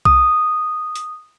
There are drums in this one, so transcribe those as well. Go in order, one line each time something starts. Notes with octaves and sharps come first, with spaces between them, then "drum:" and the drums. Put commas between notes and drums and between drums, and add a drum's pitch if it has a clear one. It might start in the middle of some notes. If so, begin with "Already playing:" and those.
D#6, drum: kick C2
drum: hi-hat